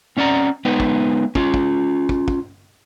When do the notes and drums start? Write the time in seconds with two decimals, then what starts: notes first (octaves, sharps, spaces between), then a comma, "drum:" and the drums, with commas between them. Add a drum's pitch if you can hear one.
0.17 C4 C#4 D5 F#5 A#5
0.65 G#3 B3 D#4 B4 G5
0.80 drum: kick
1.35 C#4 F4, drum: kick
1.54 drum: kick
2.09 drum: kick
2.28 drum: kick